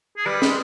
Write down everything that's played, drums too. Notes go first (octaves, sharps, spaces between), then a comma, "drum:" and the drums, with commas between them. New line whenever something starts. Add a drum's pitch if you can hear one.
G#4
G3 B4
G#3, drum: snare